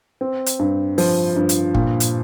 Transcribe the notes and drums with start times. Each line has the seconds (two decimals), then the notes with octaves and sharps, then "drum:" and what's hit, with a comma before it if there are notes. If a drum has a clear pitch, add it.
0.21 C4
0.46 drum: hi-hat
0.59 G2
0.98 F3, drum: open hi-hat
1.36 G2
1.49 drum: hi-hat
1.75 A#2, drum: kick G1
2.00 drum: hi-hat